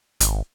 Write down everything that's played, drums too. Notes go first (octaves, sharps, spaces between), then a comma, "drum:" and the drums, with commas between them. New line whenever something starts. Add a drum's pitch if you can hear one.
G#1, drum: hi-hat